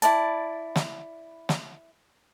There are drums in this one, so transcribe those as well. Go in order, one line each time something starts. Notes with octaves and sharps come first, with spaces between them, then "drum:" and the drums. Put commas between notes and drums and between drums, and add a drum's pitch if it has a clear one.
E4 D5 A5, drum: hi-hat
drum: snare
drum: snare